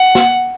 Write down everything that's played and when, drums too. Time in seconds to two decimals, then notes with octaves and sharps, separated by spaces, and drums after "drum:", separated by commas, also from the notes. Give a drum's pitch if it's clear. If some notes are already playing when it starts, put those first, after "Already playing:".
Already playing: F#5
0.15 drum: snare